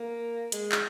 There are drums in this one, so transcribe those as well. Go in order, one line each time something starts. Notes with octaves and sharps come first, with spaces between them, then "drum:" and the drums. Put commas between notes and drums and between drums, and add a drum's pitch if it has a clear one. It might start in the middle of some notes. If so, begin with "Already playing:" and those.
Already playing: A#3
G#3, drum: hi-hat
drum: clap